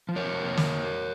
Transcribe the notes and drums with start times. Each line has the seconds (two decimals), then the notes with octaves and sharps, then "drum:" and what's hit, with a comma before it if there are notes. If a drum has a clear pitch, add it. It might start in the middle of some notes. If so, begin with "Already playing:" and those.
0.09 F3
0.16 A#4 C#5
0.25 C3
0.41 A#3
0.58 drum: snare